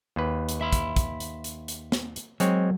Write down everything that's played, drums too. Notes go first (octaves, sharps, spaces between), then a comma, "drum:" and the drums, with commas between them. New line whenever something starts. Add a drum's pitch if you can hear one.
D#2 B4
drum: hi-hat
E5 B5 C6
drum: kick, hi-hat
drum: kick, hi-hat
drum: hi-hat
drum: hi-hat
drum: hi-hat
drum: snare
drum: hi-hat
F#3 G#3 C4 C#5, drum: hi-hat